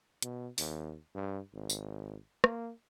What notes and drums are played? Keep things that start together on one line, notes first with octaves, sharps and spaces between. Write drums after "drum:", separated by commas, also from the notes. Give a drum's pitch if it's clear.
B2, drum: hi-hat
D#2, drum: open hi-hat
G2
G#1
drum: tambourine
A#3, drum: rim click